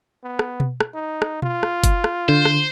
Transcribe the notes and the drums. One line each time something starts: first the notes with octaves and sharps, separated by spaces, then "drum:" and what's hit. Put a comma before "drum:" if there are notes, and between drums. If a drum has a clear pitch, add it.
B3
drum: rim click
drum: tom B2
drum: rim click
D#4
drum: rim click
F4, drum: tom B2
drum: rim click
drum: kick F#1, hi-hat
drum: rim click
D3 C5
drum: rim click